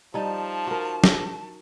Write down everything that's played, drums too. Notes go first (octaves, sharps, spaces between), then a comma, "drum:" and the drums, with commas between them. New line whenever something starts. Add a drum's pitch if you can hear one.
F3 G3 D#4 A5
F#4 A#4
drum: snare